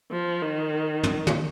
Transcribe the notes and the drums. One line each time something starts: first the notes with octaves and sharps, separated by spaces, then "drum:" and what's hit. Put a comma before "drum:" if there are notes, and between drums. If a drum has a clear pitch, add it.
F3
D#3
drum: tom
drum: tom